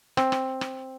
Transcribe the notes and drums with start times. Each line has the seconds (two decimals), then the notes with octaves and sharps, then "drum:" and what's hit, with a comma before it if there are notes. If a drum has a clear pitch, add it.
0.17 C4, drum: rim click
0.32 drum: rim click
0.61 drum: rim click